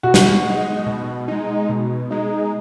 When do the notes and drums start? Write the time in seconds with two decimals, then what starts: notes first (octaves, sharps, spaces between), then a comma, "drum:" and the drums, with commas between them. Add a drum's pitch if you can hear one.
0.03 B2 F#4
0.14 drum: snare
0.45 G#3 D#4
0.87 B2
1.28 G#3 D#4
1.69 B2
2.11 G#3 D#4